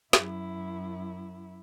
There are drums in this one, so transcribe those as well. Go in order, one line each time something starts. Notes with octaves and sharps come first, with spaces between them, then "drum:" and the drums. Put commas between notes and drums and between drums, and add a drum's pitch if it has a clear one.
F#2 E4, drum: snare